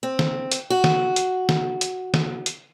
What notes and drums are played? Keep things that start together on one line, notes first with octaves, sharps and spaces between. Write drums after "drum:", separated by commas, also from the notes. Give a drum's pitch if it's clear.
C4
drum: snare
drum: hi-hat
F#4
drum: snare
drum: hi-hat
drum: snare
drum: hi-hat
drum: snare
drum: hi-hat